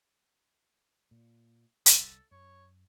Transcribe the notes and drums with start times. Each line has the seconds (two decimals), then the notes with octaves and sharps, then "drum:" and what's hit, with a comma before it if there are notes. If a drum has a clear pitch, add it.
1.11 A#2
1.86 C2 G3 A4, drum: hi-hat
2.31 F#2 C#5